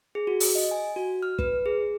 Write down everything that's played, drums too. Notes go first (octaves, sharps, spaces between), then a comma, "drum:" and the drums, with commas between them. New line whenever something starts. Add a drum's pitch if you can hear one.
G#4
F#4
drum: open hi-hat
D#5
G#5
F#4
F6
B4, drum: kick
G#4